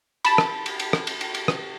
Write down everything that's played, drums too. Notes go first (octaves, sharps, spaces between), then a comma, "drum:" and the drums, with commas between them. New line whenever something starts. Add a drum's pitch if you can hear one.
A5 B5, drum: cymbal
drum: rim click
drum: cymbal
drum: cymbal
drum: rim click
drum: cymbal
drum: cymbal
drum: cymbal
drum: rim click